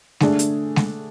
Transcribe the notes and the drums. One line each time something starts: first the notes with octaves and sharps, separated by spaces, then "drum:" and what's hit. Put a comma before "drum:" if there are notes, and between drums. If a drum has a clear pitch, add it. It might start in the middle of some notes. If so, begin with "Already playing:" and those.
D3 A3 D4 G#4, drum: snare G#3
drum: hi-hat
drum: snare G#3